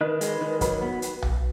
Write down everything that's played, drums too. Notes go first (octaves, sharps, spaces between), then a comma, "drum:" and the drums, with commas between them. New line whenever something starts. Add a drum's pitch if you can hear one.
D#3 B4 D#5
G#3, drum: hi-hat
D#3
F#3 F#4 B4, drum: kick, hi-hat
B3
drum: hi-hat
drum: tom B1